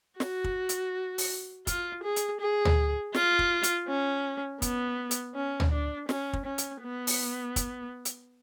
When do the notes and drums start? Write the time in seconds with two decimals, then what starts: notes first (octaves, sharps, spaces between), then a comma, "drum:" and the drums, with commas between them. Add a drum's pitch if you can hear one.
0.20 F#4, drum: snare
0.44 drum: kick
0.69 drum: hi-hat
1.18 drum: open hi-hat
1.67 F4, drum: kick, hi-hat
2.04 G#4
2.16 drum: hi-hat
2.41 G#4
2.65 drum: tom
3.14 F4, drum: snare
3.39 drum: kick
3.63 drum: hi-hat
3.88 C#4
4.62 B3, drum: kick, hi-hat
5.11 drum: hi-hat
5.35 C#4
5.60 drum: tom
5.72 D4
6.09 C#4, drum: snare
6.33 drum: kick
6.46 C#4
6.58 drum: hi-hat
6.83 B3
7.07 drum: open hi-hat
7.56 drum: kick, hi-hat
8.05 drum: hi-hat